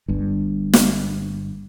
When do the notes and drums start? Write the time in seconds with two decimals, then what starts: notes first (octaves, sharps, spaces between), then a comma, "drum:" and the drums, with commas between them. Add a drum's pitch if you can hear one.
0.08 G1 G2
0.73 drum: snare